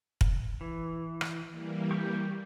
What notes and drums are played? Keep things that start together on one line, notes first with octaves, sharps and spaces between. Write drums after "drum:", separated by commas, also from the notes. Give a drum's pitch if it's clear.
drum: kick
E3
drum: rim click
E3 G3 A#3
G4 C#6 D6